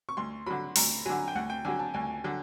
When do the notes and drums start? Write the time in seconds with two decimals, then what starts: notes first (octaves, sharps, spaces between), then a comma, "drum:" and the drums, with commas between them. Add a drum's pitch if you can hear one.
0.09 C#6
0.17 D2 C6
0.46 D3 F#3 B5
0.76 D2 A#5, drum: open hi-hat
1.06 D3 F#3 G#5
1.28 G5
1.35 D2 F#5
1.50 G5
1.65 D3 F#3 G#5
1.79 A5
1.94 D2 G#5
2.24 D3 F#3